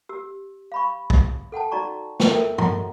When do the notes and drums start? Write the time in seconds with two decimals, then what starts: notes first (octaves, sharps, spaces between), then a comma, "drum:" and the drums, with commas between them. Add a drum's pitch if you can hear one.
0.09 G4 E6
0.72 F5 B5 C#6
1.10 drum: kick
1.52 A4 F#5 G5 A5
1.71 D#4 F#4 D5 A#5 C#6
2.20 drum: snare
2.30 A4 A#4 E5 G5
2.58 F#4 F#5 A#5, drum: tom